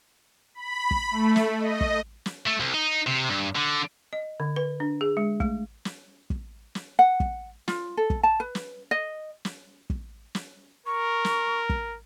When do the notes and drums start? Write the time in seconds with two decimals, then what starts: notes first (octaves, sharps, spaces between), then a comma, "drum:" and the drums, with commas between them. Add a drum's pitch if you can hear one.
0.55 B5
0.91 drum: kick
1.11 A3
1.36 drum: snare
1.58 D#5
1.81 drum: kick
2.26 drum: snare
2.47 A3
2.60 C2
2.74 D#4
3.07 C3
3.29 G2
3.56 D3
4.13 D#5
4.40 D3
4.56 B4
4.80 D4
5.01 G#4
5.17 G#3
5.40 A3, drum: kick
5.85 drum: snare
6.30 drum: kick
6.75 drum: snare
6.99 F#5
7.20 drum: kick
7.68 F4, drum: snare
7.97 A4
8.10 drum: kick
8.23 A5
8.40 B4
8.55 drum: snare
8.91 D#5
9.45 drum: snare
9.90 drum: kick
10.35 drum: snare
10.86 A#4 C#6
11.25 drum: snare
11.69 drum: kick